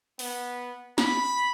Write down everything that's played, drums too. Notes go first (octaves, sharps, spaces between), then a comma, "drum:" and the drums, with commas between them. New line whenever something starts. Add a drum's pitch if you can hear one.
B3, drum: open hi-hat
B5, drum: snare